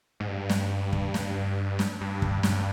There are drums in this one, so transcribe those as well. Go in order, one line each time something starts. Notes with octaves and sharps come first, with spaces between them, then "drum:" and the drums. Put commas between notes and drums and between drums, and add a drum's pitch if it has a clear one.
G#2
G2
drum: snare
drum: kick
drum: snare
drum: snare
G2
drum: kick
G2, drum: snare